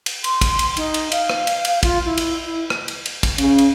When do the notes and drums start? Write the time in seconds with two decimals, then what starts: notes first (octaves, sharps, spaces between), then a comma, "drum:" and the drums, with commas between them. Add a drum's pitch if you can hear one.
0.06 drum: cymbal
0.24 C6, drum: cymbal
0.41 drum: kick, cymbal
0.59 drum: cymbal
0.77 D#4, drum: cymbal
0.94 drum: cymbal
1.12 F5, drum: cymbal
1.29 drum: rim click
1.47 drum: cymbal
1.65 drum: cymbal
1.83 F4, drum: kick, cymbal
2.06 E4
2.18 drum: cymbal
2.46 E4
2.70 drum: rim click
2.88 drum: cymbal
3.06 drum: cymbal
3.23 drum: kick, cymbal
3.38 C#3, drum: cymbal
3.58 drum: cymbal